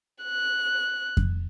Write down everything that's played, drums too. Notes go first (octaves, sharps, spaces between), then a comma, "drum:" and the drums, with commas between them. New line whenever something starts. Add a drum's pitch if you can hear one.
F#6
drum: kick F2